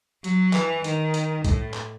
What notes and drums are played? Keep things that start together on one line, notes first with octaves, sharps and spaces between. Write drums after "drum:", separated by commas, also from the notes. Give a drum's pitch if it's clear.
F#3, drum: hi-hat
E3, drum: clap
D#3, drum: hi-hat
drum: hi-hat
A2, drum: kick C2, hi-hat
drum: clap